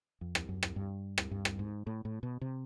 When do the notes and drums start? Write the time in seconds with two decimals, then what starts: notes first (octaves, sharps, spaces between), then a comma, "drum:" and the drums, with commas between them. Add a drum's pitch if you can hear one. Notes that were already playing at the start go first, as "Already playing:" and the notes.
0.21 F2
0.35 drum: rim click
0.49 F#2
0.63 drum: rim click
0.76 G2
1.18 drum: rim click
1.31 G2
1.45 drum: rim click
1.59 G#2
1.87 A2
2.05 A2
2.23 B2
2.41 C3